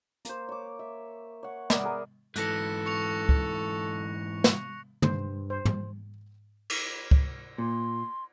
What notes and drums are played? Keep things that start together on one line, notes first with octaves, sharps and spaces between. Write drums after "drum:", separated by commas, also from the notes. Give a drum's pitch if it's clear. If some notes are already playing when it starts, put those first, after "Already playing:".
A#3 C5, drum: hi-hat
C#5 D6
E5
C#5 F#5
B3 A#4 D5 E5, drum: snare
G#4 A#4
G#2 E3 A4 F#6 A#6 C#7, drum: hi-hat
C#6 C#7 F7
drum: kick C#2
drum: snare
G2 C5, drum: tom
C5
drum: tom G#2
drum: cymbal
drum: kick C#2
A#2 C6